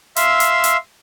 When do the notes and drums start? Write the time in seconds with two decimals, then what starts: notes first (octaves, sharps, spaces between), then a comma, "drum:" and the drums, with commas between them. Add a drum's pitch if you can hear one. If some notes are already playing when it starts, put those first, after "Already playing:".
0.16 E5 F5 C6 E6, drum: hi-hat
0.40 drum: hi-hat
0.64 drum: hi-hat